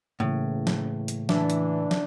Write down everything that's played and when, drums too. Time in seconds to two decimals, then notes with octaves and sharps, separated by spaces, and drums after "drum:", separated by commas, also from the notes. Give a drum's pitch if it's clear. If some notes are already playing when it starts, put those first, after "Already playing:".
0.20 A2 C#3 E3 A#3
0.67 drum: snare
1.08 drum: hi-hat
1.29 E3 D4 E5, drum: snare
1.50 drum: hi-hat
1.91 drum: snare